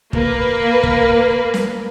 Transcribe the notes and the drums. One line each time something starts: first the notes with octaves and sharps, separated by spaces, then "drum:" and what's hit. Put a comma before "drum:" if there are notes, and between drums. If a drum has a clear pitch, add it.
A#3 B4, drum: kick
drum: kick
drum: snare